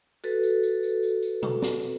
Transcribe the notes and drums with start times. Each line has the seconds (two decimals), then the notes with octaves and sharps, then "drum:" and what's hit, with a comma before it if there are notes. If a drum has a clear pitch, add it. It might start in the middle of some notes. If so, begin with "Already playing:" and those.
0.24 F#4 A4 B4, drum: tambourine
0.43 drum: tambourine
0.63 drum: tambourine
0.83 drum: tambourine
1.03 drum: tambourine
1.23 drum: tambourine
1.42 drum: tom B2
1.62 drum: snare
1.82 drum: tambourine